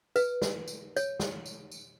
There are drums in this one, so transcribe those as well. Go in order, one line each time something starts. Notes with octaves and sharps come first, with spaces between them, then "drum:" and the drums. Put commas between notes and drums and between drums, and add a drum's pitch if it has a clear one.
B4, drum: tambourine
drum: snare
drum: tambourine
C#5, drum: tambourine
drum: snare
drum: tambourine
drum: tambourine